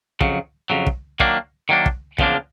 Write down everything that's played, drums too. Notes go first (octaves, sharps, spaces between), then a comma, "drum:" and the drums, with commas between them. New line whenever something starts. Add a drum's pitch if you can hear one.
F2 C#3 F#3, drum: kick
F2 C#3 F#3
drum: kick
D#3 F#3 A#3 D4, drum: kick
D#3 F#3 A#3 D4
drum: kick
E2 C#3 F3 A#3 D4, drum: kick